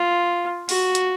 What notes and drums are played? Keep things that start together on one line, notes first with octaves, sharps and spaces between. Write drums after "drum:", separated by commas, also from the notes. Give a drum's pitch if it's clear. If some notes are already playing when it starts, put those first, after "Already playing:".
Already playing: F4
F#4, drum: open hi-hat
drum: hi-hat